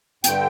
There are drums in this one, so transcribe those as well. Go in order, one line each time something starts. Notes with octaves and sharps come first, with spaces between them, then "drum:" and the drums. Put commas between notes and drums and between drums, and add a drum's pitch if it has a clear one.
G2 D3 G5, drum: hi-hat